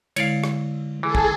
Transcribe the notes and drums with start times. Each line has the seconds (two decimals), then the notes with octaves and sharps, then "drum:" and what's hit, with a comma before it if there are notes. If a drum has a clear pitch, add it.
0.16 D3 G#3 E4 C#5 D5 F5, drum: cymbal
0.44 drum: rim click
1.03 E3 G#4 A4
1.15 drum: kick